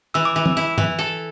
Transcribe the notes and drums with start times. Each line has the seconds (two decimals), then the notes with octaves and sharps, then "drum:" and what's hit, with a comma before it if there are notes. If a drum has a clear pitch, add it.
0.14 E3 E6
0.25 D6
0.36 E3
0.46 E6, drum: tom
0.57 E4
0.78 E3, drum: tom G#2
0.99 A4